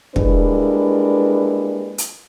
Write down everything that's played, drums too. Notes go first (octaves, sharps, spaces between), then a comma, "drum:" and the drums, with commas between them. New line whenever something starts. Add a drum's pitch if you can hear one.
G3 G#3 A#3 D4 E4 B4, drum: kick
drum: hi-hat